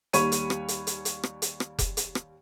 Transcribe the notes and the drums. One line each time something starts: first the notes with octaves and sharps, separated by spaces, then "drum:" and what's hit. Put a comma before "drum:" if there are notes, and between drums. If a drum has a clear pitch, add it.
D#2 G3 C#5 B5 C#6 D#7, drum: hi-hat
drum: hi-hat
drum: rim click
drum: hi-hat
drum: hi-hat
drum: hi-hat
drum: rim click
drum: hi-hat
drum: rim click
drum: kick F1, hi-hat
drum: hi-hat
drum: rim click